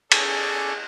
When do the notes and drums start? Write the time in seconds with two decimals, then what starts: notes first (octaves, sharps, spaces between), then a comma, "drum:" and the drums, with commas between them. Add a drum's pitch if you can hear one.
0.12 C#4 G#4 A4 D5, drum: cymbal